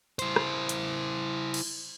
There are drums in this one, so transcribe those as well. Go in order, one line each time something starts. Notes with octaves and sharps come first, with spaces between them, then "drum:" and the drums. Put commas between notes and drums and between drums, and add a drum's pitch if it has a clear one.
E4 C5, drum: hi-hat
drum: rim click
drum: hi-hat
drum: cymbal